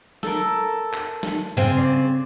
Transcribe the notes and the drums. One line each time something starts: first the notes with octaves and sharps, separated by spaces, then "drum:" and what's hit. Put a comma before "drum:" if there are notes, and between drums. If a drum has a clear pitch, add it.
A4 A#4, drum: snare
drum: clap
drum: snare
C#3 C4
D5